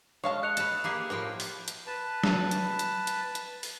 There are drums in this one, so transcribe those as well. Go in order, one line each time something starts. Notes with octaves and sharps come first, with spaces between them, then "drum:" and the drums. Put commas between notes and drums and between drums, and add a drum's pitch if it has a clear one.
G#3 C#5 F5 A5
D#5 F#6 C#7 F7
A4 B4, drum: hi-hat
A#3 G4 G#4
A2 F3 A#4 G5
drum: open hi-hat
drum: hi-hat
B4 A5
drum: snare
drum: hi-hat
drum: hi-hat
drum: hi-hat
drum: hi-hat
drum: open hi-hat